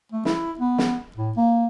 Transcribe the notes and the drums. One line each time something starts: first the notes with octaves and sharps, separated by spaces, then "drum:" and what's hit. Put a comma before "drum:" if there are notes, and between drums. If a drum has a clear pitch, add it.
A3
E4, drum: snare
B3
drum: snare
A2
A#3